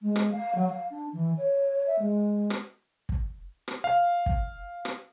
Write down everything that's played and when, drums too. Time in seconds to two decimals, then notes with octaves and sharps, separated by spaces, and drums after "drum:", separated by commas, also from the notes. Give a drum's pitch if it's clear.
0.01 G#3
0.16 drum: rim click
0.32 F5
0.55 F#3
0.69 F5
0.90 D4
1.13 E3
1.37 C#5
1.87 E5
1.99 G#3
2.50 drum: rim click
3.09 drum: kick
3.68 drum: rim click
3.84 F5
4.26 drum: kick
4.85 drum: rim click